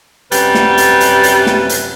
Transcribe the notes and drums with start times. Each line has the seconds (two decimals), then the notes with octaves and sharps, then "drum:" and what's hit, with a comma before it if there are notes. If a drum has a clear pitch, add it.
0.32 F#2 C3 G3 B4, drum: hi-hat
0.55 drum: snare
0.78 drum: hi-hat
1.01 drum: hi-hat
1.23 drum: hi-hat
1.46 drum: snare
1.69 drum: hi-hat